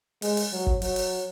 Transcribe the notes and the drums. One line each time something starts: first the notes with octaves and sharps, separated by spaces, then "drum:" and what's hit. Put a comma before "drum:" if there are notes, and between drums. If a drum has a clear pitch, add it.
G#3, drum: open hi-hat
drum: open hi-hat
F#3
drum: kick
F#3, drum: open hi-hat
drum: open hi-hat